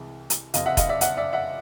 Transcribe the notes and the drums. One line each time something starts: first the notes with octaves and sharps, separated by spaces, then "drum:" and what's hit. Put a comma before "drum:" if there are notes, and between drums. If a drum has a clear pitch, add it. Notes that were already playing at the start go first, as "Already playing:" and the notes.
Already playing: C2 C3 E3 G#3
drum: hi-hat
F#1 F2 C3 D#5 F5, drum: hi-hat
E5 F#5
D#5 F5, drum: kick F1, hi-hat
D5 E5
E5 F#5, drum: hi-hat
D5 E5
E5 F#5